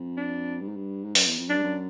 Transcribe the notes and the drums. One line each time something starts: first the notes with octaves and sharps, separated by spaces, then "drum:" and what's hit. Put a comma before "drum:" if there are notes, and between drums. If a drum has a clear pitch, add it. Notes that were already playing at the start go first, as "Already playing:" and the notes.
Already playing: F2
D4
G2
G#2
G2
G#2
F#2, drum: open hi-hat
E2
F2
F#2 D4
G2
F#2